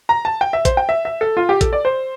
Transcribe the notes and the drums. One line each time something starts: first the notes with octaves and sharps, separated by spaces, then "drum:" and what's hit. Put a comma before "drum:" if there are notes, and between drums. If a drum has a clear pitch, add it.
A#5
A5
G5
E5
C5, drum: kick A1, hi-hat
G5
E5
E5
A4
F4
G4
A4, drum: kick A1, hi-hat
D5
C5